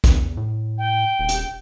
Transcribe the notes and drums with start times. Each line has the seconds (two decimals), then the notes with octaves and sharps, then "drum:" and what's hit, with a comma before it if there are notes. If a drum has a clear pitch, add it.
0.04 E2, drum: kick A#1, hi-hat
0.37 A2
0.78 G5
1.20 D#1
1.29 drum: hi-hat